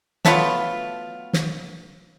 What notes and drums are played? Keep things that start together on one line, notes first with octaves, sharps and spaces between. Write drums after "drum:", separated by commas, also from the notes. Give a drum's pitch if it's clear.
F#3 A3 B3 F4, drum: snare
drum: snare